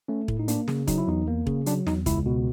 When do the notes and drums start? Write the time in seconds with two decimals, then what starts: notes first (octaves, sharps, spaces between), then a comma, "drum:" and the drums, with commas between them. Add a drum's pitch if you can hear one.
0.08 A3 C#4
0.28 A2, drum: kick E1
0.39 D#4
0.48 A#3 D4, drum: hi-hat
0.68 C#3, drum: snare
0.87 F#3 D#4, drum: kick E1, hi-hat
0.98 E4
1.08 E2 D#4
1.28 A#3
1.47 C#3, drum: kick E1
1.66 F#3 D4, drum: hi-hat
1.87 E2 D#4, drum: snare
2.06 C#2 E4, drum: kick E1, hi-hat
2.26 B2